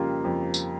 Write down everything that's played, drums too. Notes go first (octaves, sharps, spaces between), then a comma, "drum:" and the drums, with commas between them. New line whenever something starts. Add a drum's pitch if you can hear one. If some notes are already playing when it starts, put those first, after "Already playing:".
Already playing: F2 C#3 G3 A#3 F4
F2
drum: tambourine